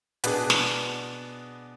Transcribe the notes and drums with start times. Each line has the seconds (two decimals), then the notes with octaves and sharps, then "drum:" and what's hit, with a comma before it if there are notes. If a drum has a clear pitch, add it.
0.24 B2 B3 D4 G#4, drum: hi-hat
0.50 drum: snare